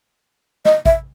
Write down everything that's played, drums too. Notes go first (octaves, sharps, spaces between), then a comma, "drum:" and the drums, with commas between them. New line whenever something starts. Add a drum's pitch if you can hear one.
D#5, drum: snare
E5, drum: kick A1